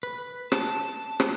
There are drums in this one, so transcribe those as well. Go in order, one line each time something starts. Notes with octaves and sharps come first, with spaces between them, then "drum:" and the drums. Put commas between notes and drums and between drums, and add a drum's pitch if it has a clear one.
B4
A5, drum: rim click
drum: rim click